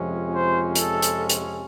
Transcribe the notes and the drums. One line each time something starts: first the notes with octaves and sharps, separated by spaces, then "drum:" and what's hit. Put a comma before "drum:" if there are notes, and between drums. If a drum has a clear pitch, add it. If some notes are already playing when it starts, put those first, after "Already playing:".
Already playing: F2 C3 F3 G#3 C#4
C5
A4, drum: hi-hat
drum: hi-hat
drum: hi-hat